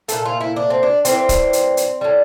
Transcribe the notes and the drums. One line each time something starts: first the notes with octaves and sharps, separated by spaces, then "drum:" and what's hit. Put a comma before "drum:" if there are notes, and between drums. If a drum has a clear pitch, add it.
A#2 A3 A4, drum: hi-hat
F4
E4
D4
C4
D4
A2 E3 G3 C4, drum: hi-hat
drum: kick, hi-hat
drum: hi-hat
drum: hi-hat
A2 G3